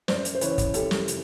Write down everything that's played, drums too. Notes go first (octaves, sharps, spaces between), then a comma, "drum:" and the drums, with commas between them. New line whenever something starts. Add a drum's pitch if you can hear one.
F#2 C5 D5, drum: snare
drum: hi-hat
C5
C#3 E3 B4 C#5, drum: hi-hat
drum: kick, hi-hat
F#2 G4 A4, drum: hi-hat
drum: snare
C#3, drum: hi-hat